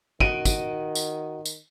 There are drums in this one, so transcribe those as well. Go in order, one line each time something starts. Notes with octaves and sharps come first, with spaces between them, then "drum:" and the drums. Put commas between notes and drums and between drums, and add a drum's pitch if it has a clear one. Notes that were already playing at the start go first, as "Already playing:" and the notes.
D#3 F#4 D#5 D7 D#7, drum: kick
drum: kick, tambourine
drum: tambourine
drum: tambourine